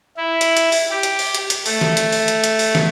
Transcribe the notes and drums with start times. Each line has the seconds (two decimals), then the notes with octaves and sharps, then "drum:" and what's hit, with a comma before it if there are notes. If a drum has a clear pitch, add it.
0.17 E4
0.41 drum: hi-hat
0.57 drum: hi-hat
0.72 drum: open hi-hat
0.91 G4
1.03 drum: hi-hat
1.19 drum: open hi-hat
1.35 drum: hi-hat
1.50 drum: hi-hat
1.66 A3, drum: open hi-hat
1.81 drum: snare
1.97 drum: hi-hat
2.12 drum: open hi-hat
2.28 drum: hi-hat
2.44 drum: hi-hat
2.59 drum: open hi-hat
2.75 drum: snare